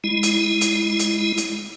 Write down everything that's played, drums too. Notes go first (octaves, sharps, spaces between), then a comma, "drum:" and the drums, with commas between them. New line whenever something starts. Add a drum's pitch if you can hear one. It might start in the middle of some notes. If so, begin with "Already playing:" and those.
G#3 E4
drum: hi-hat
drum: hi-hat
drum: hi-hat
drum: hi-hat